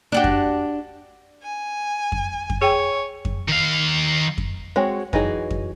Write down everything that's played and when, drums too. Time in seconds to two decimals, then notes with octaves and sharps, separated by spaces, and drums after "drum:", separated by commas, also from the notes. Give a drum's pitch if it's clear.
0.12 D4 F#4 G4
0.24 drum: kick F2
1.43 G#5
2.12 drum: kick F2
2.50 drum: kick F2
2.61 G#4 C#5 G5
3.25 drum: kick F2
3.48 D#3 F5
4.38 drum: kick F2
4.76 G#3 C4 F#4 C#5
5.13 E3 F#3 D#4 G#4, drum: kick F2
5.50 drum: kick F2